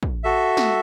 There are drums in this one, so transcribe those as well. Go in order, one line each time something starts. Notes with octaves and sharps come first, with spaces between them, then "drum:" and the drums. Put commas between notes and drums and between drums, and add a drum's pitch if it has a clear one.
drum: kick
F#4 A4 E5
drum: snare